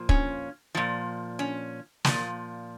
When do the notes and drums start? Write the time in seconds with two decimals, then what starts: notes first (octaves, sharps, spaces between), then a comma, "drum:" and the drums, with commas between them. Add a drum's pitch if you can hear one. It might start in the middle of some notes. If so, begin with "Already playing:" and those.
Already playing: A#2 F3
0.09 C#4, drum: kick
0.75 A#2 F3
1.39 C#4
2.05 A#2 F3, drum: snare